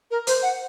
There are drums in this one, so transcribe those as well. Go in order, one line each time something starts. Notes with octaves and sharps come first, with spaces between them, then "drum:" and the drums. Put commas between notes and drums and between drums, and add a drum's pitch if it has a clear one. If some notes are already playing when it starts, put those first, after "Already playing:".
A#4
C5, drum: hi-hat
F#5